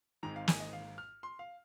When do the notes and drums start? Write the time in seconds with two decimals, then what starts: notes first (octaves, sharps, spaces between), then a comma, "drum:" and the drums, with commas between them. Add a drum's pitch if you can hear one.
0.23 G#1 G#2 G#3 C4 D#4 A#5
0.36 F5
0.48 G#5, drum: snare
0.60 D#5
0.73 F5
0.98 F6
1.23 C6
1.39 F5